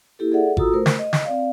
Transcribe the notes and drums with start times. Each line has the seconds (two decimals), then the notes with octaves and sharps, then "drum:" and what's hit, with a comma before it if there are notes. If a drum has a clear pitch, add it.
0.19 A#3 E4 G4 A4
0.32 G#4 A4 D5 E5 F#5
0.57 F4 F#4 A4 A#5 D#6 E6, drum: kick G#1
0.73 A3 A#4 C5
0.86 drum: snare
0.99 D#5
1.13 drum: snare
1.25 C4 D5 F5